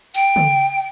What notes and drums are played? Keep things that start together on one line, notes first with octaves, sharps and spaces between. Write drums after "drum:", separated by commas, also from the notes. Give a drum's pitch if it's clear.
G5, drum: cymbal
drum: tom C#3